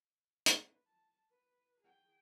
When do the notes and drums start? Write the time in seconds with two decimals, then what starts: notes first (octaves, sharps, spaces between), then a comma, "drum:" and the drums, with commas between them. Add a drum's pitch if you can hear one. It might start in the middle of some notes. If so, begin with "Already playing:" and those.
0.46 B4, drum: hi-hat
0.86 A5
1.30 B4
1.81 G#4 G5